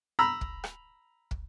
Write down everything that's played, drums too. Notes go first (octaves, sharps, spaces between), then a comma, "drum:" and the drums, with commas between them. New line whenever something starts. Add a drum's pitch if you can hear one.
A#5 B5 E6
drum: kick
drum: rim click
drum: kick